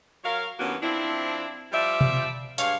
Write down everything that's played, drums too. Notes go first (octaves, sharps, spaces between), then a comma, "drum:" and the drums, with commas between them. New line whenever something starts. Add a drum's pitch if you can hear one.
F#3 A#4 C#5 F5
G2 E3 A#3 B3 C#4 F#4
F3 C4 D4 E4
F3 G3 D5 E5
drum: tom B2
G2 G#3 C#5 F5, drum: hi-hat